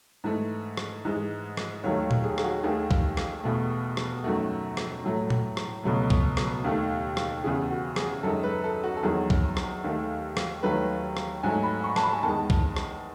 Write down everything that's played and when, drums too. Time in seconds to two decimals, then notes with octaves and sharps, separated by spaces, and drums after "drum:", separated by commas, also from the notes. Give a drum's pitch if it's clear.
0.24 G#2 E3 A3
0.77 drum: rim click
1.05 G#2 E3 G#3
1.57 drum: rim click
1.83 D#2 D#3 F#3 A3 C#5
2.11 drum: tom A#2
2.24 G#4
2.38 G#4, drum: rim click
2.44 F#4
2.63 D#2 D#3 A3 G#4
2.91 drum: kick B1
3.17 drum: rim click
3.43 E2 B2 A3
3.97 drum: rim click
4.24 F#2 D#3 A3 F#4
4.77 drum: rim click
5.04 A2 F#3 A3
5.30 drum: tom A#2
5.57 drum: rim click
5.83 C#2 B2 F#3 A3
6.10 drum: kick B1
6.37 drum: rim click
6.64 D#2 D#3 A3
7.17 drum: rim click
7.44 E2 C#3 E3 G#4
7.71 F#4
7.96 G#4, drum: rim click
8.23 F#2 D#3 G#3 A4
8.43 B4
8.64 A4
8.84 F#4
8.97 A4
9.03 E2 D#3 F#3 G#4
9.30 drum: kick B1
9.57 drum: rim click
9.84 D#2 D#3 A3
10.37 drum: rim click
10.63 D#2 D#3 F#3 A3 B4
11.17 drum: rim click
11.43 G#2 F#3 A3 G#5
11.63 B5
11.84 C#6
11.96 A5, drum: rim click
12.03 B5
12.13 G#5
12.23 E2 D#3 G#3 A5
12.50 drum: kick B1
12.76 drum: rim click